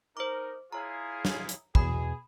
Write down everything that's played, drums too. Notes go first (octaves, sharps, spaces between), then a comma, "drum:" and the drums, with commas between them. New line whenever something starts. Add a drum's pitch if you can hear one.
D#4 A#4 C5 D6
E4 F4 G#4 C#5 A#5
drum: snare
drum: hi-hat
E2 B2 G#4 B5, drum: kick